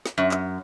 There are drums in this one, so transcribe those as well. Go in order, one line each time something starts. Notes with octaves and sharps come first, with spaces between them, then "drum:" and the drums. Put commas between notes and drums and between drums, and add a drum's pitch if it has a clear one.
drum: snare
F#2
drum: clap